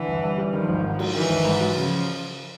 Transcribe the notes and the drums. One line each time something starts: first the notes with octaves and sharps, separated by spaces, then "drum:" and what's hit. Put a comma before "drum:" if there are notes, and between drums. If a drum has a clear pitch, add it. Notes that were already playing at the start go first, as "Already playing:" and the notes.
Already playing: D3 E3
G1
G2
G3
D#3 F3
G#1
G#2
F#3, drum: cymbal
D#3 E3
G#1
G#2
F#3
C#3 F3